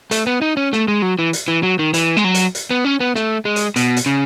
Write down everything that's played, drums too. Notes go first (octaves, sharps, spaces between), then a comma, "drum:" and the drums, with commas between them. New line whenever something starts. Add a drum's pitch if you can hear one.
A3, drum: hi-hat
B3
D#4
C#4
A3, drum: snare
G#3
F#3
E3
drum: hi-hat
E3
F#3
D#3
E3, drum: hi-hat
G#3, drum: snare
F#3
drum: hi-hat
drum: hi-hat
B3
C#4
B3
A3, drum: snare
G#3
drum: hi-hat
B2, drum: hi-hat
drum: hi-hat
C#3